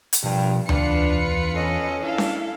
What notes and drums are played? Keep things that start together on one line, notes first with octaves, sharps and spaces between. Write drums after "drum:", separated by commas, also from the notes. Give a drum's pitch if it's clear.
drum: hi-hat
G2 B2 F3 A#4
E2 D4 F4 B4 C#7, drum: tom D2
C#4 A4 D#5
D4 E4 A4 F5
drum: snare C#4